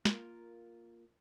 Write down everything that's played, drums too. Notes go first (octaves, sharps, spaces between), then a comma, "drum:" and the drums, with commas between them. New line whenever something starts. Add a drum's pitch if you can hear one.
A#3 F4 A#4, drum: snare